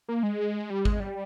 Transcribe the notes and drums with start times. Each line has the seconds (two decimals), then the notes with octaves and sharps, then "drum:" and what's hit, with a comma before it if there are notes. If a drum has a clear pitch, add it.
0.08 A#3
0.23 G#3
0.70 G3
0.85 G#3, drum: kick G#1
1.00 G3